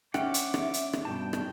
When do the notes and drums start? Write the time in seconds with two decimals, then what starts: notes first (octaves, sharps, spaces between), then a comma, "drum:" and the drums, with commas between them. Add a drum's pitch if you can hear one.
0.14 C#4 D4 E5 F#5 G5 D6, drum: rim click
0.34 drum: hi-hat
0.54 drum: rim click
0.74 drum: hi-hat
0.93 drum: rim click
1.05 G2 B2 G5 A5
1.33 drum: rim click